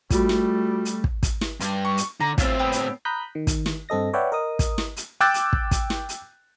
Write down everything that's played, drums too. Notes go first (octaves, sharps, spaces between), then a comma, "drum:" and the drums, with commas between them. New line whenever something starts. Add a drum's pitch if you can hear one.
G3 A3 F4 F#4, drum: kick, hi-hat
drum: snare
drum: hi-hat
drum: kick
drum: kick, hi-hat
drum: snare
G2 C6, drum: hi-hat
C#6
drum: hi-hat
D3 A#5
A2 C4 E4 F4, drum: kick, hi-hat
B3 G5 E6
drum: hi-hat
A#5 B5 D#6 F#6 G6 B6
D#3
drum: kick, hi-hat
drum: snare
G2 C4 A4 D#5 A#6
B4 C#5 D5 E5 F#5 G5
A#4 D#5 D#6
drum: kick, hi-hat
drum: snare
drum: hi-hat
G5 D6 E6 F#6 G6 A6
drum: hi-hat
drum: kick
drum: kick, hi-hat
drum: snare
drum: hi-hat